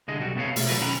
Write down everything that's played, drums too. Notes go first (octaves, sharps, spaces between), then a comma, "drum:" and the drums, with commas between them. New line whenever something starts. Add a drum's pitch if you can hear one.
C2 D3 G#4 D#5
B1 G3 F#4
C3 A3 B3 C#5 F5
B2 A3, drum: open hi-hat
F#3 G#3 A3 F4 A#4 B4
B1 D#3 C#4 B4 A#5 B5